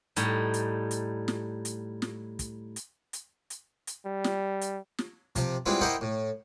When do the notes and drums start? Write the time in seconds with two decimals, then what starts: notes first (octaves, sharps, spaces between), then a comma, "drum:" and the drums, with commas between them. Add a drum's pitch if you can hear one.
0.16 A2 G3 D#4, drum: hi-hat
0.54 drum: hi-hat
0.91 drum: hi-hat
1.28 drum: snare
1.65 drum: hi-hat
2.02 drum: snare
2.39 drum: kick, hi-hat
2.76 drum: hi-hat
3.13 drum: hi-hat
3.50 drum: hi-hat
3.87 drum: hi-hat
4.06 G3
4.24 drum: snare
4.61 drum: hi-hat
4.98 drum: snare
5.36 C3 F3, drum: kick, hi-hat
5.66 G3 G#3 B3 C4 E4 F4
5.81 E4 G4 A#4 C5 D#5 F#5
6.01 A2